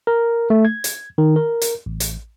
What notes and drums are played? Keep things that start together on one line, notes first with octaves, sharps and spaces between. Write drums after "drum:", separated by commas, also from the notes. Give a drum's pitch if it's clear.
A#4
A3
G#6
drum: hi-hat
D#3
A#4
drum: hi-hat
A1
drum: hi-hat